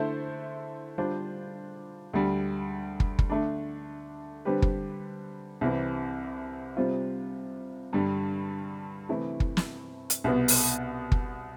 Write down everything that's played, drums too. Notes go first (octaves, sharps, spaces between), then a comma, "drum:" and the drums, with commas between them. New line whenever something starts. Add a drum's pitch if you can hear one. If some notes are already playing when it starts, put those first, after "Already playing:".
Already playing: D3 A3 E4 A4 C5
D3 G3 D4 F4 C5
D2 D3 G3
drum: kick
drum: kick
D3 A3 D4
D3 G3 C4 G4 B4
drum: kick
C2 C3 E3
C3 G3 C4 F4
G2 D3 G3
C3 E3 A3 E4
drum: kick
drum: snare
drum: hi-hat
C2 B2 B3
drum: open hi-hat
drum: kick